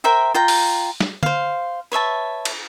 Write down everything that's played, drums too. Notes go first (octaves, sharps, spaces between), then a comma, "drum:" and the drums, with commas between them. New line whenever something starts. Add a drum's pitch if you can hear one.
A#4 C5 E5 G5
F4 G5 A#5
drum: open hi-hat
drum: snare
C5 F5, drum: tom
B4 C#5 E5 A5
drum: cymbal